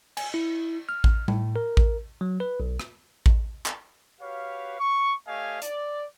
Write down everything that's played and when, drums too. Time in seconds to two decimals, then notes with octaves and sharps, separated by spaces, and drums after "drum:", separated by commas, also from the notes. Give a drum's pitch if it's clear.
0.17 G#5, drum: cymbal
0.34 E4
0.89 F6
1.04 drum: kick A1
1.28 A2, drum: tom G3
1.56 A#4
1.77 drum: kick A1
2.21 F#3
2.40 B4
2.60 B1
2.80 drum: rim click
3.26 drum: kick A1
3.66 drum: clap
4.20 F#4 G4 B4 C#5 F5
4.80 C#6
5.27 A3 G4 C#5 D#5 F5 G#5
5.62 D5, drum: hi-hat